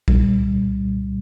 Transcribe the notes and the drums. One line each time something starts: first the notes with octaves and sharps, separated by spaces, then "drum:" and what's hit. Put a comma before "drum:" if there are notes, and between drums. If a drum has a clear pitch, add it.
C2 A#2 G3, drum: kick B1